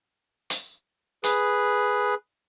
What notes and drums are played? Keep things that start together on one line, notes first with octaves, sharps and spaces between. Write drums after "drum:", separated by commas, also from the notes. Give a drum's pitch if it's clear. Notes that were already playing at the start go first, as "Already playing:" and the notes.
drum: hi-hat
G#4 B4, drum: hi-hat